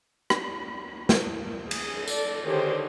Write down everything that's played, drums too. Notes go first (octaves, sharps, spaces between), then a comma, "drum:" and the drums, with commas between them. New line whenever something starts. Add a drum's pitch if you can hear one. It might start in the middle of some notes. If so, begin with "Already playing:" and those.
drum: rim click
drum: snare
G#4, drum: cymbal
A4 D5, drum: tambourine
D3 D#3 G4 G#4 C5 C#5